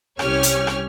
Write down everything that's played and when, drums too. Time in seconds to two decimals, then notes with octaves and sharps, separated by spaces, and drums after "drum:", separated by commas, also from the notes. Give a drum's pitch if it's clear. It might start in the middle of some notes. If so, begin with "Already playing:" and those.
0.19 C2 C#4 G4 C#5 F6, drum: rim click
0.43 drum: hi-hat
0.67 drum: rim click